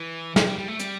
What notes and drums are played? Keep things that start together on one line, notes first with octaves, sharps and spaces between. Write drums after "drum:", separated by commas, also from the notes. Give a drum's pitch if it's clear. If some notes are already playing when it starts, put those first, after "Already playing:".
Already playing: E3
F3, drum: snare
G3
G3
A3
G3, drum: hi-hat